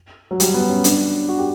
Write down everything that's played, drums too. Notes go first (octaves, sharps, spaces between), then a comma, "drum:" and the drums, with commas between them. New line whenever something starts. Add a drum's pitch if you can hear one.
F#3
G3, drum: hi-hat
B3
C#4
D4, drum: hi-hat
F#4
G4